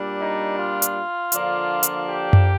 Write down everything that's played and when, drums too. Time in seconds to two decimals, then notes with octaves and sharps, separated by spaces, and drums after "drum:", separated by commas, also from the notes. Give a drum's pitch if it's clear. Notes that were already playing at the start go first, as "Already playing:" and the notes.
Already playing: A#2 G3 D4
0.19 D#4
0.57 F4
0.82 drum: hi-hat
1.32 D3 F3 A#3 D4, drum: hi-hat
1.83 drum: hi-hat
2.08 G4
2.33 drum: tom F#2